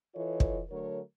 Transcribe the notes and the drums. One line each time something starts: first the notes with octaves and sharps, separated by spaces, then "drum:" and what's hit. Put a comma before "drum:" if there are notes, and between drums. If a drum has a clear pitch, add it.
E3 F4 A4 C#5 D#5
drum: kick
D3 F#3 A3 A#4 C#5